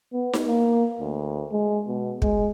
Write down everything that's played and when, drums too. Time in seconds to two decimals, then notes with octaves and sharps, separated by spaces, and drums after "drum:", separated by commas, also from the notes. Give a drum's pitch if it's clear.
0.13 B3
0.33 drum: snare D#4
0.48 A#3
1.00 D2
1.52 G#3
1.87 B2
2.22 G#3, drum: kick